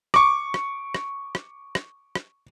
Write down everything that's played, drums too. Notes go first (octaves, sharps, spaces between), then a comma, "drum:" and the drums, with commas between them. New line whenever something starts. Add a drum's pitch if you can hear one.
C#6 D6, drum: rim click
drum: rim click
drum: rim click
drum: rim click
drum: rim click
drum: rim click